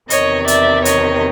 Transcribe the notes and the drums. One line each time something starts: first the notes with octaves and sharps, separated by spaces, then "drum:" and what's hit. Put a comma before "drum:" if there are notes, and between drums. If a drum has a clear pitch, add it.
E2 C3 D#3 C#5 D#5, drum: hi-hat
D5 E5, drum: hi-hat
C#5 D#5, drum: hi-hat